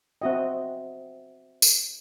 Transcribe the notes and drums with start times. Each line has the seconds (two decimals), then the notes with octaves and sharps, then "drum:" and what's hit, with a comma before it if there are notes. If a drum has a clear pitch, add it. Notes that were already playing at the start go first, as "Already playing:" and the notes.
0.22 C4 F#4 C5 D#5 E5 G5
1.62 drum: tambourine